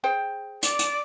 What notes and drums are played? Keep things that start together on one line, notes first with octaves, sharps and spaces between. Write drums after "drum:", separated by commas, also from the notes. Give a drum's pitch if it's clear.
G#4 C5 G5
D5, drum: hi-hat
drum: hi-hat